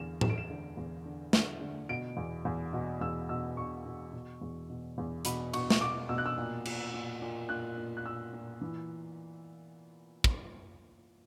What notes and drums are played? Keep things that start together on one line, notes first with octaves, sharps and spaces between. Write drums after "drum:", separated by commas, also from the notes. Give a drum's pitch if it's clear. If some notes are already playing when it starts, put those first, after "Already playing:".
Already playing: E2 D3 E7
E2 E7, drum: tom A2
D7
E7
D3
E2
D3
D3, drum: snare
D3
B2 D7
E2
E2
B2
E2 E6
B2 E6
B2 C#6
B2
B2
E2
B2
E2
B2 B5, drum: hi-hat
B2 C#6, drum: cymbal
C#6, drum: snare
B2 D6
B2 E6
F#6
E6
A#2
A#2, drum: cymbal
A#2
A#2
A#2 F#6
A#2
F#6
A#2 E6
A#2
E3
drum: kick